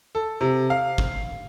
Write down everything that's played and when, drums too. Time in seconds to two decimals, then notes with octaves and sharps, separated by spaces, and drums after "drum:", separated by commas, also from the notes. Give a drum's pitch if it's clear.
0.15 A4
0.41 C3
0.70 F5
0.98 drum: kick G1